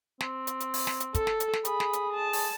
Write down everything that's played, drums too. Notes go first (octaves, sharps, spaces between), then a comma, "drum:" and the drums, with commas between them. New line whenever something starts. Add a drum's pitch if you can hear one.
C4, drum: snare
drum: hi-hat
drum: hi-hat
drum: open hi-hat
drum: snare
drum: hi-hat
A4, drum: kick, hi-hat
drum: snare
drum: hi-hat
drum: snare
G#4 B5, drum: hi-hat
drum: snare
drum: hi-hat
A5
drum: open hi-hat